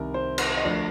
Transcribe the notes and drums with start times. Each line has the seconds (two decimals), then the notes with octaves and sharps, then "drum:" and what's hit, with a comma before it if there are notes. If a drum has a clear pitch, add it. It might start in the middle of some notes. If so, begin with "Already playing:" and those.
Already playing: C2 C3 D#3 A#4
0.14 C5
0.38 drum: cymbal
0.57 D#5
0.64 D2 D3 F3 D5